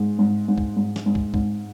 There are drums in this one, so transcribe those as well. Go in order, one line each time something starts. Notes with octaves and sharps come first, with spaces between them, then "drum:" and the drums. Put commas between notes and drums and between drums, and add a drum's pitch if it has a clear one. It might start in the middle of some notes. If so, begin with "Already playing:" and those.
Already playing: G#2 G#3
G#2
G#2
drum: kick
G#2
drum: snare
G#2
drum: kick
G#2, drum: kick